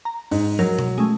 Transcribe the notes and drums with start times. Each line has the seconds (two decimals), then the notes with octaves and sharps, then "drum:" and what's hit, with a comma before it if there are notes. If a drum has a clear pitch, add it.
0.05 A#5
0.31 G#2, drum: open hi-hat
0.59 F#3 A#4
0.79 drum: tom B2
0.98 G#3 A3 C#4